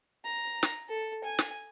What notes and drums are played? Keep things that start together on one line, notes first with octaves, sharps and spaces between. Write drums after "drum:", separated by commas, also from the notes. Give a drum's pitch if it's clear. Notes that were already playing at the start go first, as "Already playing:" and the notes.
A#5
drum: snare
A4
G#5
drum: snare